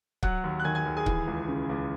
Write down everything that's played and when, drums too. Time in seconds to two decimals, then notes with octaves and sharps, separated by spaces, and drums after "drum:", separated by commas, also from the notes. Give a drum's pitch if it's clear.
0.23 F#3 F#5 F#6, drum: kick C#1
0.44 D#2
0.60 F#6
0.64 D#3 G#5 G#6
0.75 G#5 G#6
0.85 D#2
0.97 G#4 G#5
1.06 E3, drum: kick C#1
1.27 C#2
1.48 C#3
1.69 C#2